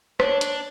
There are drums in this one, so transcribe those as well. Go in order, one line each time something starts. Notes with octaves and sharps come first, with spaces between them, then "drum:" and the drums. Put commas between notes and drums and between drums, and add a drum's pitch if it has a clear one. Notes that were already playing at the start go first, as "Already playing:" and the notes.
D4 C#5, drum: rim click
D4, drum: hi-hat